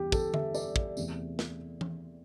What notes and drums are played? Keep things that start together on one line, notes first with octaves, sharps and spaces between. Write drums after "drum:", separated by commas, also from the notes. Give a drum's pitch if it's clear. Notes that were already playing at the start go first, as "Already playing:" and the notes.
Already playing: E2 G3 G4
A4, drum: kick, tambourine
E5, drum: tom D3
D5, drum: tambourine
drum: kick
E2 C3 A3 C4, drum: tambourine
drum: snare
drum: tom E3